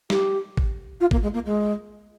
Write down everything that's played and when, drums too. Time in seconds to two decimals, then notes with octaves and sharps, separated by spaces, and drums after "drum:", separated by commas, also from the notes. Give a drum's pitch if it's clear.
0.10 G4, drum: snare
0.57 drum: kick A1
1.00 F4
1.11 A#3, drum: kick A1
1.22 G#3
1.34 A#3
1.45 G#3